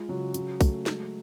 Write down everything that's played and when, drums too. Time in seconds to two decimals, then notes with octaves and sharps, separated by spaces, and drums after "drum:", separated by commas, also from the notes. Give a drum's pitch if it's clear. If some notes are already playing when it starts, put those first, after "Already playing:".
Already playing: G#3 F4
0.09 C#3 F#3 F#4
0.34 C#3, drum: hi-hat
0.61 A3, drum: kick, open hi-hat
0.86 G#3, drum: snare